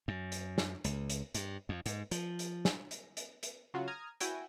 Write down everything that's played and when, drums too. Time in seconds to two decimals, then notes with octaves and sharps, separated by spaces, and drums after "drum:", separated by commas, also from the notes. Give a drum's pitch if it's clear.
0.08 F#2
0.32 drum: hi-hat
0.58 drum: snare
0.84 C#2, drum: hi-hat
1.10 drum: hi-hat
1.34 G2, drum: hi-hat
1.69 F2
1.86 G#2, drum: hi-hat
2.11 F3, drum: hi-hat
2.39 drum: hi-hat
2.65 drum: snare
2.91 drum: hi-hat
3.17 drum: hi-hat
3.43 drum: hi-hat
3.74 C#3 F#3 F4 F#4
3.88 A#5 D#6 F6 G#6
4.21 E4 F#4 G5 G#5, drum: hi-hat